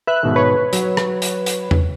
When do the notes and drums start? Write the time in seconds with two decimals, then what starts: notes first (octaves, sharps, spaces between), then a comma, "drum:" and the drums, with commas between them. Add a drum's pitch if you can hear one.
0.07 B4 E5 F#6
0.23 G#2 B2 D#3
0.36 B4 C#5
0.73 F#3, drum: hi-hat
0.97 drum: rim click
1.22 drum: hi-hat
1.46 drum: hi-hat
1.71 drum: tom E2